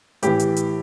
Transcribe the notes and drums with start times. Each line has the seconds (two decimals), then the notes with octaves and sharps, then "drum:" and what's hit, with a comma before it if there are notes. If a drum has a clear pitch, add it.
0.23 A2 E3 G4, drum: hi-hat
0.39 drum: hi-hat
0.56 drum: hi-hat